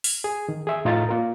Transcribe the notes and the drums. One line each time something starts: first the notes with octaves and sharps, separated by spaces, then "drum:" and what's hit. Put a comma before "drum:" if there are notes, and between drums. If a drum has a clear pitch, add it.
drum: open hi-hat
G#4
D#3
G#4 E5
A2 D#4 F4 F5 A#5 A6
A#3 F4 A#4